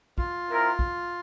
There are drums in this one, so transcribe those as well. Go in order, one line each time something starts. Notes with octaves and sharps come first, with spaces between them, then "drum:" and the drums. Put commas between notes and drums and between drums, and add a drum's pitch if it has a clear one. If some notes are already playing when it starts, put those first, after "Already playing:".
F4, drum: kick
C4 E4 A#4
drum: kick